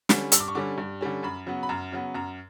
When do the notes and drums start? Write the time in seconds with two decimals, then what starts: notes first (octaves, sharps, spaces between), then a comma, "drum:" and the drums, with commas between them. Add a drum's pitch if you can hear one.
0.09 D3 G3 C#4, drum: snare
0.32 G2 E6, drum: hi-hat
0.40 D6
0.48 C#6
0.55 D3 G3 C#4 D6
0.78 G2
1.01 D3 G3 C#4
1.23 F#2 B5
1.46 C#3 F#3 B3
1.63 B5
1.69 F#2 A#5
1.92 C#3 F#3 B3
2.14 F#2 A#5